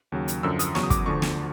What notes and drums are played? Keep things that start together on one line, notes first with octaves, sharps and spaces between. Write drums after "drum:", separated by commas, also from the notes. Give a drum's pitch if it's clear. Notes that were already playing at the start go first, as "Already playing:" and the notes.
D#2 C#3 F#3
drum: hi-hat
F#2 D3 F3 E6
D#6, drum: hi-hat
E2 C#3 F#3 C#6, drum: snare
D#6
D6, drum: kick, hi-hat
D2 D3 F3 C#6
drum: snare